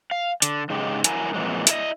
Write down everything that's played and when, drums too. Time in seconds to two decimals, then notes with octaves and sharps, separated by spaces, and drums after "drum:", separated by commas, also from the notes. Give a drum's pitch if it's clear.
0.11 F5
0.42 D3, drum: hi-hat
0.70 G#2 C#3 G#3 D#4 G4
1.04 F#3 E4 A#4 G#5, drum: hi-hat
1.34 F2 A#2 E3 F#3 G#3
1.67 E4 A4 D#5, drum: hi-hat